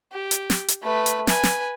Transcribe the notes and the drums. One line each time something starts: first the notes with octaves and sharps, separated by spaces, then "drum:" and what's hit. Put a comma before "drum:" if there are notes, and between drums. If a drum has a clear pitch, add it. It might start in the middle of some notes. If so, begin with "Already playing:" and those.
G4
drum: hi-hat
drum: snare
drum: hi-hat
A3 B4
drum: hi-hat
B4 G#5, drum: snare
drum: snare